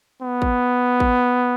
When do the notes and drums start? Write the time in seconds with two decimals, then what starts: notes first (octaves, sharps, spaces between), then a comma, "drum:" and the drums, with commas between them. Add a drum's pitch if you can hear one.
0.22 B3
0.42 drum: kick
1.00 drum: kick